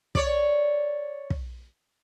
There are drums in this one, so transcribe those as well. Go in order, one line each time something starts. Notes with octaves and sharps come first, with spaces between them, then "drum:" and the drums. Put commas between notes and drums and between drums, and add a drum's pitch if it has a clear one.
C#5 D5, drum: kick
drum: kick